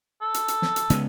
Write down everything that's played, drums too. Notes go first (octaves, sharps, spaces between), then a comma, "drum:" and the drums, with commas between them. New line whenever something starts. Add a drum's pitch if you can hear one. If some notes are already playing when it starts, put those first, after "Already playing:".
A4
drum: hi-hat
drum: hi-hat
drum: snare
drum: hi-hat
C#3 G#3 B3, drum: hi-hat